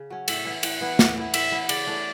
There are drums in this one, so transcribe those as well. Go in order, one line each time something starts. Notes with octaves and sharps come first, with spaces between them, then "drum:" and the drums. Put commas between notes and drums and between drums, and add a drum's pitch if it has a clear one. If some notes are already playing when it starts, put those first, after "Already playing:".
Already playing: C#3
F#3 C#4
A2 E5, drum: cymbal
E3 B3 E4
A2 F#5, drum: cymbal
E3 B3 E4
A2, drum: snare
E3 B3 E4
A2 E5, drum: cymbal
E3 B3 E4
C#3 D5, drum: cymbal
E3 A3 D4